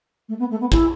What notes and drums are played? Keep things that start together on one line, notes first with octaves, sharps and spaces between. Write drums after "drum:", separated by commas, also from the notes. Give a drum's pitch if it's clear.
A3
B3
A3
B3
E4, drum: kick